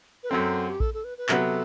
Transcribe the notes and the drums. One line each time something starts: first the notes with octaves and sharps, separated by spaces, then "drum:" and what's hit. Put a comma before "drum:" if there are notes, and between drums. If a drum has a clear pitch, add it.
B4
F#2 F#3 C4 A4
G4
A4, drum: kick A#1
A4
B4
B4
C3 F#3 B3 A4, drum: clap